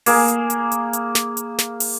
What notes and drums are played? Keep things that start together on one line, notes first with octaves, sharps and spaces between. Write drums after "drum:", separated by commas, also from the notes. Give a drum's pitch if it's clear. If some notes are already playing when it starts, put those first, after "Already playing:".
A#3 G#4, drum: open hi-hat
drum: hi-hat
drum: hi-hat
drum: hi-hat
drum: hi-hat
drum: snare
drum: hi-hat
drum: snare
drum: open hi-hat